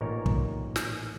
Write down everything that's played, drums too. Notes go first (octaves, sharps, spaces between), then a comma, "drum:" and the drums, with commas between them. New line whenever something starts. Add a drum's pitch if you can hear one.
A1 A#2 D#4 A#4 C#5
drum: kick
drum: snare